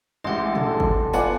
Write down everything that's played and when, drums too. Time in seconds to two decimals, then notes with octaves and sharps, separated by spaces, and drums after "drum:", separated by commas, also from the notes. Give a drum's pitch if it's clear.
0.24 A1 G#3 G4 C5 D#5 F#5
0.55 D4 A4, drum: tom
0.80 drum: kick
1.13 B3 F4 D5 F#5 G#5, drum: tambourine